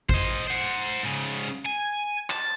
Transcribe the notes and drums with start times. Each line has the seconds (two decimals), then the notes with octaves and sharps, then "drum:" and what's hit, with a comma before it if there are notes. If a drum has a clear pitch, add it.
0.09 C5 D#5, drum: kick G#1
0.47 C5 F#5
1.03 G#2 C#3
1.65 G#5
2.30 A5, drum: clap